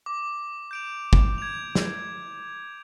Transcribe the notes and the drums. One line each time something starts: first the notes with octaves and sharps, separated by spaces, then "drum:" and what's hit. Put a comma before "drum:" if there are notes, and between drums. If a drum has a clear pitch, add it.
D6
G6 D7 F7
drum: kick
G#6 F7
drum: snare